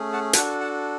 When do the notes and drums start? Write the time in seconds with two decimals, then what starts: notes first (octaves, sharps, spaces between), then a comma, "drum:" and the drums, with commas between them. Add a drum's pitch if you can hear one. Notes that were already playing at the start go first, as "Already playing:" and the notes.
Already playing: A3 C#4 G#4
0.13 F#5 A5
0.33 D4 F#4 A4 F#5 A5, drum: hi-hat
0.60 F#5 A5